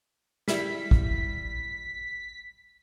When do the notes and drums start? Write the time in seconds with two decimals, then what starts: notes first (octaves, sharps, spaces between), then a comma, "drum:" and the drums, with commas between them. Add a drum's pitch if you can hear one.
0.48 G3 E4 B6, drum: snare
0.91 drum: kick